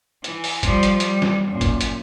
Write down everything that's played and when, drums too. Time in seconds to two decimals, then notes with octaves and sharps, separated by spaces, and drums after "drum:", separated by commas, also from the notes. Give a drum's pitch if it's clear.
0.24 E3, drum: hi-hat
0.44 drum: open hi-hat
0.63 F3 G3, drum: kick, hi-hat
0.83 drum: hi-hat
1.00 G3, drum: hi-hat
1.22 drum: snare
1.48 F#2 A#2
1.61 drum: kick, hi-hat
1.81 drum: hi-hat